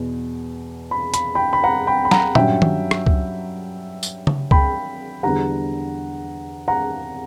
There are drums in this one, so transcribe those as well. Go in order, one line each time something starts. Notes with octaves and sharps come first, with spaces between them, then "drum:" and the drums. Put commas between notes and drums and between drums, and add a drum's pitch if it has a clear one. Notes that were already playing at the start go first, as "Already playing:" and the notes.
Already playing: E2 B2
B5
B5, drum: hi-hat
G5 B5
B5
F#5 A#5
G5 B5
B5
F#5 A#5, drum: snare
G2 F#3 C#4 E5 G5, drum: tom A#2
drum: tom D#3
drum: rim click
drum: kick C#2
drum: tambourine
drum: tom C#3
G5 B5, drum: kick C#2
E2 D3 G3 F#5 A#5
F#5 A#5